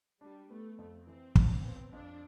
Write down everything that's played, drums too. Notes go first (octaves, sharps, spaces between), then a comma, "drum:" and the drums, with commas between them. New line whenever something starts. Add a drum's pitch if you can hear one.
G3 D4
A3 B3
F2 A3
E3 C4
D4, drum: kick
B3
F2 D4